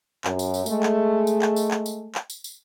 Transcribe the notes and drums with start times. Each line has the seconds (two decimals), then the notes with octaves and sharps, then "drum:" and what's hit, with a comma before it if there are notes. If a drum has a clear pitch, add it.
0.25 F#2, drum: clap
0.39 drum: tambourine
0.54 drum: tambourine
0.66 G#3 A3, drum: tambourine
0.83 drum: clap
1.27 drum: tambourine
1.42 drum: clap
1.56 drum: tambourine
1.71 drum: clap
1.86 drum: tambourine
2.15 drum: clap
2.30 drum: tambourine
2.44 drum: tambourine